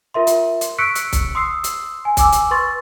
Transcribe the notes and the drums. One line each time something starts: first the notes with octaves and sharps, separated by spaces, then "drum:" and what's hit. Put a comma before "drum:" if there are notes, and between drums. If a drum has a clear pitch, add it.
F4 A#4 E5 C6
drum: hi-hat
drum: hi-hat
C#6 E6 F#6 B6 C#7 D7
drum: hi-hat
drum: kick, hi-hat
C6 D#6 E6 C7
drum: hi-hat
G#5
G#5 D6 E6, drum: kick, hi-hat
drum: hi-hat
B4 C6 C#6 A6